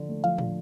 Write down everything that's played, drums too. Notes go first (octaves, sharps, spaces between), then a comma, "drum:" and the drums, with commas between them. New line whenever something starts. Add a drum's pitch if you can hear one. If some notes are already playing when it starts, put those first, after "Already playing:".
Already playing: D3 F3
A3
F3 F5
D3, drum: tom